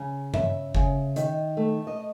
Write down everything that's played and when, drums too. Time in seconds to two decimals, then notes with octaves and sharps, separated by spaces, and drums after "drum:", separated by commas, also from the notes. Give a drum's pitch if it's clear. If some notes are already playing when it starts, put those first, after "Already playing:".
Already playing: C#3
0.34 C#3 E5, drum: tom G2
0.75 C#3, drum: kick G1
1.16 D#3, drum: hi-hat
1.57 A3
1.87 D#5